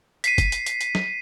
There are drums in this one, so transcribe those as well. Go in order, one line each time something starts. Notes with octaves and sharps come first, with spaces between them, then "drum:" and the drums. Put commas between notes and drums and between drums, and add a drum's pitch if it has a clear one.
B6 C7 D#7, drum: hi-hat
drum: kick, hi-hat
drum: hi-hat
drum: hi-hat
drum: hi-hat
drum: snare